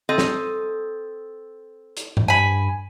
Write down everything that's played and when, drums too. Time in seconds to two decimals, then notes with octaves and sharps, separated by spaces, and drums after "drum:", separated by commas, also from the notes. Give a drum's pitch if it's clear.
0.09 C4 A4 D#5
0.18 drum: snare
1.97 drum: hi-hat
2.17 drum: tom G#2
2.28 G2 G#5 B5